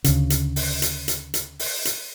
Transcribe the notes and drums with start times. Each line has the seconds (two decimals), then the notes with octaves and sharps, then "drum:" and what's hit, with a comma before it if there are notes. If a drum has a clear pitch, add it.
0.04 D2 C#3, drum: hi-hat
0.30 drum: hi-hat
0.56 drum: open hi-hat
0.82 drum: hi-hat
1.08 drum: hi-hat
1.34 drum: hi-hat
1.59 drum: open hi-hat
1.85 drum: hi-hat